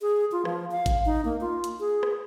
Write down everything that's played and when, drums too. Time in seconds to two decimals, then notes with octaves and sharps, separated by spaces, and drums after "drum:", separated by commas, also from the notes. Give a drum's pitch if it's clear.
0.02 G#4
0.32 F4
0.45 F3, drum: rim click
0.71 F5
0.86 drum: kick G#1, hi-hat
1.06 D#4
1.25 A#3
1.41 F4
1.64 drum: hi-hat
1.80 G#4
2.03 drum: rim click